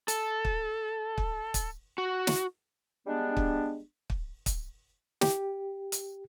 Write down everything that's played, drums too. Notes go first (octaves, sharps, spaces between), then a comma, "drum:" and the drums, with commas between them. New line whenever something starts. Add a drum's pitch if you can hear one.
A4, drum: hi-hat
drum: kick
drum: kick
drum: kick, hi-hat
F#4
drum: snare
G3 G#3 B3 D4
drum: kick
drum: kick
drum: kick, hi-hat
G4, drum: snare
drum: hi-hat